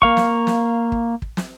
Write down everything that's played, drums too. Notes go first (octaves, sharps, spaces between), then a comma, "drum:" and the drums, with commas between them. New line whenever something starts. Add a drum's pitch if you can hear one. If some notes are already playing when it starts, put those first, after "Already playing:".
A#3 F5 C#6, drum: kick
drum: snare
drum: snare
drum: kick
drum: kick
drum: snare